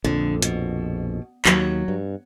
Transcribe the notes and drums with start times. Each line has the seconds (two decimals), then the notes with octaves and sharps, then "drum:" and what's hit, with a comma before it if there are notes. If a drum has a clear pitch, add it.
0.04 A#1 F2 D3
0.42 B2, drum: hi-hat
1.45 D#2 F#3, drum: clap
1.88 G2